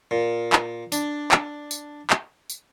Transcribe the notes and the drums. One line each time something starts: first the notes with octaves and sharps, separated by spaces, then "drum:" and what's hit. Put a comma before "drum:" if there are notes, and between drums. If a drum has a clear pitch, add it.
A#2
drum: clap
D4, drum: tambourine
drum: clap
drum: tambourine
drum: clap
drum: tambourine